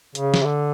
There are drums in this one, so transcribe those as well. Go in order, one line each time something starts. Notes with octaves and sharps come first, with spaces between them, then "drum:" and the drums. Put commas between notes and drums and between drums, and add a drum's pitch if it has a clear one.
C#3, drum: hi-hat
drum: snare
D3